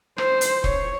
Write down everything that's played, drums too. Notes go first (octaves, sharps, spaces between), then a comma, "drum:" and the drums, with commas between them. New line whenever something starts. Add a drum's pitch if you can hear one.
C5, drum: rim click
drum: hi-hat
C#5, drum: kick